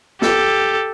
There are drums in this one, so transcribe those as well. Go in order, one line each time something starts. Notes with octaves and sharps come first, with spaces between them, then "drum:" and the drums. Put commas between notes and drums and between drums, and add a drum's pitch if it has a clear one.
G4 A4, drum: snare